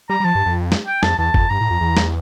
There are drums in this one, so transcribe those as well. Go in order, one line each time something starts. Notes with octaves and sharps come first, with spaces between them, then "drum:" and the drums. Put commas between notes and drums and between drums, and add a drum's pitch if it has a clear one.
G3 A#5
G3
F3 A5
G2
F2
drum: snare
G5
F2 A5, drum: snare
E2 A5
F2, drum: kick G1
G2 A#5
A2
F2
E2
drum: snare